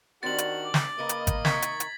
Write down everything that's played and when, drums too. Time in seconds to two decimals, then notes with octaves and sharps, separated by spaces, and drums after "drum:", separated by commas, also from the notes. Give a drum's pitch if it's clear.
0.23 D#3 C4 D4 F#4 G4 A6 F#7
0.38 drum: hi-hat
0.65 D6
0.74 drum: snare
0.98 C#3 A#3 A#4 B4 D#5
1.09 drum: hi-hat
1.27 drum: kick, hi-hat
1.45 C3 D#3 A#4 C#6 G#6 B6, drum: snare
1.62 drum: hi-hat
1.80 drum: hi-hat